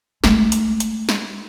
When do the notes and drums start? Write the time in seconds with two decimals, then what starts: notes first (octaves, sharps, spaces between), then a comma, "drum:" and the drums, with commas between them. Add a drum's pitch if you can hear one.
0.24 G#3 A3, drum: snare
0.52 drum: hi-hat
0.80 drum: hi-hat
1.09 drum: snare